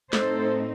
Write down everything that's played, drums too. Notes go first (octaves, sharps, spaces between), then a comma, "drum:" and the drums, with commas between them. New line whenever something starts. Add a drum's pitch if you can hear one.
A2 A3 C4 D#4 A4 C5, drum: snare